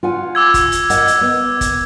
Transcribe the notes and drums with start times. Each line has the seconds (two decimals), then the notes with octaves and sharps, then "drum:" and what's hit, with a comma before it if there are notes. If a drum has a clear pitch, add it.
0.03 F4 F#5 G#5
0.35 D6 E6 G#6
0.54 drum: kick, hi-hat
0.72 drum: hi-hat
0.90 A#4 D#5 F#5, drum: hi-hat
1.07 drum: hi-hat
1.21 B3
1.61 drum: kick, hi-hat